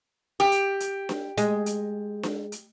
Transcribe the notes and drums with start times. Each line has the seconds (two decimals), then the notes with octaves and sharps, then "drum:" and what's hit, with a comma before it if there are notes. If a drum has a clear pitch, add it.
0.40 G4
0.52 drum: hi-hat
0.80 drum: hi-hat
1.09 drum: snare D4
1.38 G#3, drum: hi-hat
1.66 drum: hi-hat
2.23 drum: snare D4
2.52 drum: hi-hat